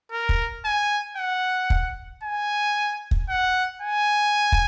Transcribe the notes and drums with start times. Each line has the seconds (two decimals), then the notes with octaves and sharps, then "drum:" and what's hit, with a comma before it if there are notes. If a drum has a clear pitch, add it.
0.12 A#4
0.29 drum: kick
0.65 G#5
1.17 F#5
1.70 drum: kick
2.23 G#5
3.11 drum: kick
3.29 F#5
3.82 G#5
4.52 drum: kick